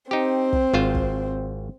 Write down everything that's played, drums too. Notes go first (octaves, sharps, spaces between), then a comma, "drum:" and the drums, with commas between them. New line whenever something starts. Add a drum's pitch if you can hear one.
C4 D#4 G4
drum: kick
G#1 F4 C5
drum: kick